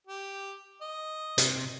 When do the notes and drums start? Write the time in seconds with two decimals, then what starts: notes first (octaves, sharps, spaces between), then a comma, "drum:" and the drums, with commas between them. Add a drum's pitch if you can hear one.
0.07 G4
0.82 D#5
1.38 C3, drum: hi-hat